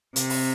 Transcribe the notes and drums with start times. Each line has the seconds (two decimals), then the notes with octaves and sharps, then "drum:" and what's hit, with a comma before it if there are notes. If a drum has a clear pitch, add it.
0.16 C3, drum: hi-hat
0.30 drum: open hi-hat